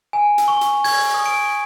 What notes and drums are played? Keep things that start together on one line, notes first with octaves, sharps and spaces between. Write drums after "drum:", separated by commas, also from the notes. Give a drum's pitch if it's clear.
G#5
drum: hi-hat
C#6
drum: hi-hat
G#6, drum: open hi-hat
D#6
D7